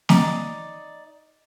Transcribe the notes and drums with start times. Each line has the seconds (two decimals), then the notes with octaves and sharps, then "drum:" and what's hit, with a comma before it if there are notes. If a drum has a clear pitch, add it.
0.09 D#4 D5 D#6, drum: snare